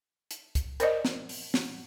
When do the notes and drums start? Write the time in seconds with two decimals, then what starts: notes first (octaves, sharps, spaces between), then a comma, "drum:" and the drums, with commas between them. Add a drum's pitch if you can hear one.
0.31 drum: hi-hat
0.55 drum: kick, hi-hat
0.80 A#4 C5 D5 D#5, drum: hi-hat
1.05 drum: snare
1.29 drum: open hi-hat
1.54 drum: snare